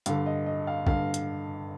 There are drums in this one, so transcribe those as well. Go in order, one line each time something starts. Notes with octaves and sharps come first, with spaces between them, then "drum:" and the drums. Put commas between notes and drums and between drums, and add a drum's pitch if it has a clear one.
G2 D3 F5, drum: hi-hat
D#5
D#5
F5
G2 D3 F5, drum: kick
drum: hi-hat